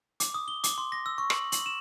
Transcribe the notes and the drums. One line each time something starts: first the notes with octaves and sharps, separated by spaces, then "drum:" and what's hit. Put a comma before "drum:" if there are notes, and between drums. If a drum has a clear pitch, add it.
D6, drum: hi-hat
D#6
G7
D6, drum: hi-hat
C6
A#6
E6
C#6
F#7, drum: rim click
F#7, drum: hi-hat
E7